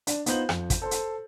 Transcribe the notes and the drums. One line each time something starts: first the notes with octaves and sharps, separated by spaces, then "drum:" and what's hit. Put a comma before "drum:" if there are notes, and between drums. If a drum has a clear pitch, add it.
D4, drum: hi-hat
B3 D#4 F4 C5 G6 F#7, drum: hi-hat
F2, drum: rim click
drum: kick, hi-hat
A4 C5 C6
drum: hi-hat